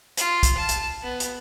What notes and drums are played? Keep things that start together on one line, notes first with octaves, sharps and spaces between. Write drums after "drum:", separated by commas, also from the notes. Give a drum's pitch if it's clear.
F4, drum: hi-hat
drum: kick, hi-hat
A5
drum: hi-hat
B3
drum: hi-hat